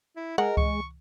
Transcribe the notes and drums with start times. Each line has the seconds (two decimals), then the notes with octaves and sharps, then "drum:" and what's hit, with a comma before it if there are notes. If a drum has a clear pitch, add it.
0.16 E4
0.38 G#3 A#4 F#5
0.57 C#6, drum: kick C#2